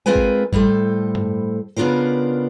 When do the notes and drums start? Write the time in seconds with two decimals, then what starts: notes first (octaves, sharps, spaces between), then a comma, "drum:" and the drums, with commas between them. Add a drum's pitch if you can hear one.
0.06 G#3 C4 F4 A#4 B4 G#5
0.16 drum: kick G#1
0.53 A2 G3 A4 C5, drum: kick G#1
1.15 drum: tom G2
1.76 C#3 B3 D4 F4 A#4 C5